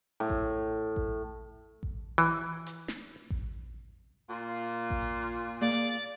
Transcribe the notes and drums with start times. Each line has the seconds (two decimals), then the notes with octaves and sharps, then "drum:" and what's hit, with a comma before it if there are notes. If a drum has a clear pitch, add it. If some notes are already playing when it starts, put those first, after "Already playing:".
0.20 A2
0.30 drum: kick A1
0.96 drum: kick A1
1.83 drum: kick A1
2.18 E3
2.66 drum: hi-hat
2.88 drum: snare
3.30 drum: kick A1
4.29 A#2 F4
4.90 drum: kick A1
5.61 A#3 G#4 D5 F5
5.72 drum: hi-hat